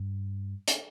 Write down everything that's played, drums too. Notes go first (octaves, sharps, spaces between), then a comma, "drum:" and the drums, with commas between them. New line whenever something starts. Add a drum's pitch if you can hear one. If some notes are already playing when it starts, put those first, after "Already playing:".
Already playing: G2
drum: hi-hat